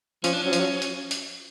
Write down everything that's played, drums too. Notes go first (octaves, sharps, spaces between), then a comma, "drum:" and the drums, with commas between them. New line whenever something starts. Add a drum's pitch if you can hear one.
F3 C#4, drum: hi-hat
D4
F#3 C#4
F3, drum: hi-hat
F#3
drum: hi-hat
drum: hi-hat